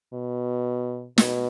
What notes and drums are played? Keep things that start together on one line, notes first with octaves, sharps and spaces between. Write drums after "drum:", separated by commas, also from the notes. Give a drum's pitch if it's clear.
B2
B2, drum: snare